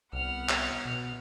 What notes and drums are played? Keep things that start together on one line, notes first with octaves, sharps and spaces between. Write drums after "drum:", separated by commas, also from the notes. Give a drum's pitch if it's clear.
C2 B3 F#5 F6
drum: clap
B2